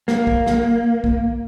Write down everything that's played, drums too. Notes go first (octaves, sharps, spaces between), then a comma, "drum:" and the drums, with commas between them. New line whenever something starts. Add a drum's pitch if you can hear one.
A#3, drum: snare
drum: kick
drum: snare
drum: kick